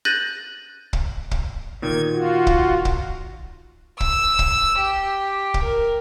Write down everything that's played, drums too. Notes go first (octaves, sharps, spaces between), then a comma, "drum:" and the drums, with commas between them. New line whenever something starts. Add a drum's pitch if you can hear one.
F#6 G6 A6 A#6 D#7 F#7
drum: kick
drum: kick
A#2 D#3 G#6
F4 F#4
drum: kick
drum: kick
E6, drum: kick
drum: kick
G4
drum: kick
A#4